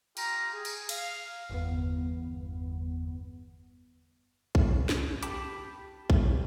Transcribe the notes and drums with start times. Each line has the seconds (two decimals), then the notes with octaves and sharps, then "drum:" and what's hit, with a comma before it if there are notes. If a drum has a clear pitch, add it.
0.17 F4 G4 A#5, drum: cymbal
0.53 G#4
0.65 drum: cymbal
0.89 F5, drum: cymbal
1.50 G1 E2 B3
4.55 drum: kick A#1
4.89 drum: snare
5.23 G4 A5 B5 D6, drum: hi-hat
6.10 drum: kick A#1